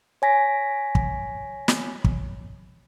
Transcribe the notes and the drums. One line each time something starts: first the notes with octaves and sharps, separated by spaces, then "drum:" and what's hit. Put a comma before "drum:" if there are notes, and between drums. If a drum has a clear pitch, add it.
C#5 G#5 A#6 B6
drum: kick
drum: snare
drum: kick